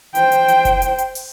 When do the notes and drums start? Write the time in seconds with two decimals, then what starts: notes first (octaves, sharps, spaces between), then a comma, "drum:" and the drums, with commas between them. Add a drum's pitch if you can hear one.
0.15 C5 G5, drum: hi-hat
0.32 drum: hi-hat
0.48 drum: hi-hat
0.65 drum: kick F#1, hi-hat
0.82 drum: hi-hat
0.98 drum: hi-hat
1.15 drum: open hi-hat